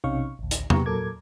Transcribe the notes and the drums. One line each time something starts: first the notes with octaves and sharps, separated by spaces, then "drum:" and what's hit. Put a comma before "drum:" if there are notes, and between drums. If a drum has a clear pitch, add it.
B1 C3 C#4 D#4 F5 C#6
A1 D2
drum: hi-hat
B2 B3 G4 A#5 C#6, drum: tom
A#2 F#3 A4 A#4 D6 G#6